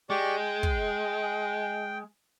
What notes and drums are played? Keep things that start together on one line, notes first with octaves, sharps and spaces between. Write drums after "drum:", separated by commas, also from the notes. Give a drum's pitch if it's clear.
G#3 G4 D5 C#6
G5
drum: kick